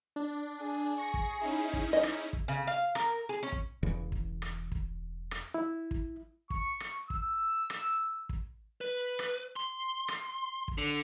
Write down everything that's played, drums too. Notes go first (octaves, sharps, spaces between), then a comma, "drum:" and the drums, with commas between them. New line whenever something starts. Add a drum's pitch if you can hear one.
D4
G#4
C#6 A#6 C#7
drum: kick
C#4 D#4 E4
drum: kick
D#5
drum: rim click
drum: kick
C#3
F5
A#4, drum: rim click
G#4
C#4
drum: kick
E1 E2 C#3 E3
drum: kick
drum: rim click
drum: kick
drum: rim click
E4
drum: kick
C#6, drum: kick
drum: rim click
E6, drum: kick
drum: rim click
drum: kick
B4
drum: rim click
C6
drum: rim click
drum: kick
D3